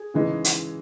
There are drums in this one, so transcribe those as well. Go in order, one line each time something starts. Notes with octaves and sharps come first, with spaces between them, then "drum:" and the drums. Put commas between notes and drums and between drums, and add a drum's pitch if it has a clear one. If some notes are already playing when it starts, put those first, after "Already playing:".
Already playing: G#4
C#3 E3 G#3 D#4
drum: hi-hat